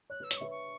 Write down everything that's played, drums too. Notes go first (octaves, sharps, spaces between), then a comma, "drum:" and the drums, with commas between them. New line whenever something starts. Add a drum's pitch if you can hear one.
C#5 F#6
B4
E6
C#5, drum: hi-hat
B4 E5 C#6
C#6